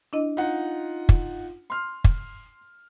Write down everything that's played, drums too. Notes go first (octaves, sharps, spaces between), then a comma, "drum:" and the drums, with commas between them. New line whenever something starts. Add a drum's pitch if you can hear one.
D4 E4 D#5
D#4 F4 F#5
drum: kick
C6 F6
drum: kick